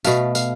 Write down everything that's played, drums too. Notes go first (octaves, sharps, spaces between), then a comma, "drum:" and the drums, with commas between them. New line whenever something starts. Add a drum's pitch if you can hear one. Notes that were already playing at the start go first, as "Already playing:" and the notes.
B2 A3 F5, drum: tambourine
F5, drum: tambourine